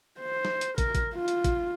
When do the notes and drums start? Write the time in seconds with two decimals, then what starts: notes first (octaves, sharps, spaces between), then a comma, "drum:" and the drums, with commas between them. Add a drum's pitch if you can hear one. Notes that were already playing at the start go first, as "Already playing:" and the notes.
0.20 C5
0.45 drum: snare
0.61 drum: hi-hat
0.78 A#4, drum: kick, hi-hat
0.95 drum: kick, hi-hat
1.15 F4
1.28 drum: hi-hat
1.44 drum: kick, hi-hat